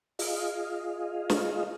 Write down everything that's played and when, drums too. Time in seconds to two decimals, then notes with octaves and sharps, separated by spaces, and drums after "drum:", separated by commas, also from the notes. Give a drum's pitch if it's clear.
0.19 F4 G#4 D#5 F5, drum: open hi-hat
1.30 drum: snare